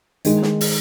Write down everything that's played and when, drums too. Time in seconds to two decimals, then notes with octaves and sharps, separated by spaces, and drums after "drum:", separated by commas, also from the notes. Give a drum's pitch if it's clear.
0.25 D#3 G#3 D#4, drum: hi-hat
0.42 drum: snare
0.61 drum: open hi-hat